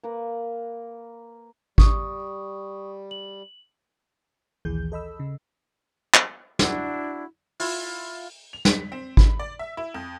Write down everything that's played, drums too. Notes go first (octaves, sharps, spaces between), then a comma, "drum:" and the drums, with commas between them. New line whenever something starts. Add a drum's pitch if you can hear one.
A#3 A#4 B4
G3 C#6 D#6, drum: kick G#1
F#7
A#1 D#2 E3 G#4 G6
A4 D#5 B5 E6
C#3
drum: clap
D4 E4 F#4, drum: snare
E4 F4, drum: open hi-hat
F7
B6, drum: snare
C4
B5, drum: kick G#1
D5
E5
E4
F2